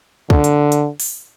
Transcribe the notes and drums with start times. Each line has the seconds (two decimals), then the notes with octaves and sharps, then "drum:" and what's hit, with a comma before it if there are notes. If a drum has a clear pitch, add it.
0.30 D3, drum: kick
0.44 drum: hi-hat
0.72 drum: hi-hat
1.00 drum: open hi-hat